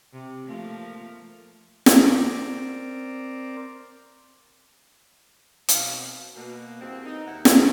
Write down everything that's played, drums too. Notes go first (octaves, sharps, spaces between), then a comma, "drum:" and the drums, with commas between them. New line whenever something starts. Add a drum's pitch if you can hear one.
C3
F3 A3 A#3
drum: snare
C4 A#4 D5
B2 C4 F5, drum: hi-hat
B2 A#3
E2 G3 A#3 C4
D#4
D#2 A#4 E5 F#5
drum: snare
F3 G3 G#3 A#3 B3 A4